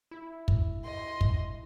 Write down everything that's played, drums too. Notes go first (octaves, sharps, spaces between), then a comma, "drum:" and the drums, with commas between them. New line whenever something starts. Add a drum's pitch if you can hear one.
E4
drum: kick
D#5 C6
drum: kick